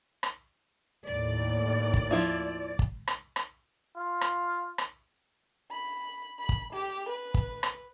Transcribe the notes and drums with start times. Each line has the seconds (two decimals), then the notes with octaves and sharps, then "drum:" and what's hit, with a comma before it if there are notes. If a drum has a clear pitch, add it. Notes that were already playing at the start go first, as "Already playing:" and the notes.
0.23 drum: rim click
1.08 D#2 A2 D5
1.94 drum: kick
2.11 F3 E4 F4
2.79 drum: kick
3.07 drum: rim click
3.36 drum: rim click
3.96 F4
4.21 drum: rim click
4.78 drum: rim click
5.71 B5
6.40 B5
6.49 drum: kick
6.73 G4
7.10 B4
7.34 drum: kick
7.63 drum: rim click